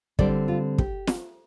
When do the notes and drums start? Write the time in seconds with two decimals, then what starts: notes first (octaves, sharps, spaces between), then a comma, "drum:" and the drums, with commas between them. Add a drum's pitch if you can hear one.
0.19 D3 G3 C4 D5, drum: kick
0.48 F4
0.78 G4, drum: kick
1.07 drum: snare